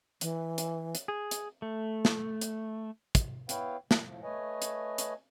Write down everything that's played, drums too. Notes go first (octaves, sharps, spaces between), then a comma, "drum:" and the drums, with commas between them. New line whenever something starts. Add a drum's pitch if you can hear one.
E3, drum: hi-hat
drum: hi-hat
drum: hi-hat
G#4
drum: hi-hat
A3
drum: snare
drum: hi-hat
drum: kick, hi-hat
B3 E4 B4 C#5 F5 G5, drum: hi-hat
E3 G3 A#3, drum: snare
A2 F3
A3 B4 C#5 D#5 G#5
drum: hi-hat
drum: hi-hat